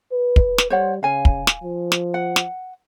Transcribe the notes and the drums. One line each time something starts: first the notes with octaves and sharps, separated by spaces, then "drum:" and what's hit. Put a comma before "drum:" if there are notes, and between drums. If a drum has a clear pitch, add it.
B4
drum: kick
drum: snare
G3 C5 C#5 F#5
C#3 F5 G#5
drum: kick
drum: snare
F3
drum: snare
F#5
drum: snare